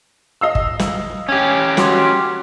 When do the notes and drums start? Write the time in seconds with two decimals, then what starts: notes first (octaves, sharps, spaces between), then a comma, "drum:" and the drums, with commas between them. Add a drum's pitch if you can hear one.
0.41 D#5 F5 E6
0.55 drum: kick G1
0.79 drum: snare
1.29 C#4 G4
1.77 F#4 C6 D6, drum: snare